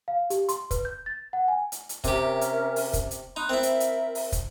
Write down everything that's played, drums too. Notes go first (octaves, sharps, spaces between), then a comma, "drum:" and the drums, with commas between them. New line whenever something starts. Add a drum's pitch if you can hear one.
F5
G4, drum: hi-hat
C6, drum: hi-hat
B4, drum: kick, hi-hat
G6
A6
F#5
G#5
drum: hi-hat
drum: hi-hat
C3 C#4 G4 A#4 E5, drum: kick, hi-hat
drum: hi-hat
drum: open hi-hat
drum: kick, hi-hat
drum: hi-hat
D#4 B5 C6 F#6
C4 E4 A#4 E5
drum: hi-hat
drum: hi-hat
drum: open hi-hat
drum: kick, hi-hat